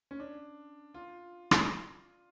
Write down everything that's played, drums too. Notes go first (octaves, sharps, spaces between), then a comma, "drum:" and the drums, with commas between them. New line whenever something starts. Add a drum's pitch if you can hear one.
C#4
D4
F4
drum: rim click